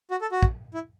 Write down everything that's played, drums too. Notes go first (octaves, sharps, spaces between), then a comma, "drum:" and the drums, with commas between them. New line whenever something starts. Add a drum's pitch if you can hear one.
F#4
A4
F#4
drum: kick
E4